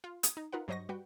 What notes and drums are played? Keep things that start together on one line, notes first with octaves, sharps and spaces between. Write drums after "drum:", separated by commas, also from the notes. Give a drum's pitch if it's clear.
F4
D#6 G#6, drum: hi-hat
D#4
D#4 F4 A#4 B4 F#5
G2 F#3 C5 D#5 C#6 A#6
G3 F#4 B4 F#5 G5